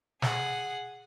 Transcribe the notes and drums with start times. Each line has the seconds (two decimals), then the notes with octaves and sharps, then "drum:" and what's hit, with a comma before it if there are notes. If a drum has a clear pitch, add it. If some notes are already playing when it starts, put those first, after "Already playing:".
0.22 G#4 F#5, drum: snare